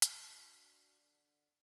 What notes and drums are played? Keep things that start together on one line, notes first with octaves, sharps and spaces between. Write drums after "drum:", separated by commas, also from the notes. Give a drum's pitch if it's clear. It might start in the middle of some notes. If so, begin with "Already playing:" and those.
drum: hi-hat
D4 F#4
D3